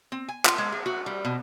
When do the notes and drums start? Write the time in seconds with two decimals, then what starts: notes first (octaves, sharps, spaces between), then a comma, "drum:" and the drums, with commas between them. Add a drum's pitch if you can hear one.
0.12 C4
0.29 G#5
0.45 F4, drum: clap
0.58 G#3
0.72 G#4
0.86 F#4
1.06 G3
1.25 B2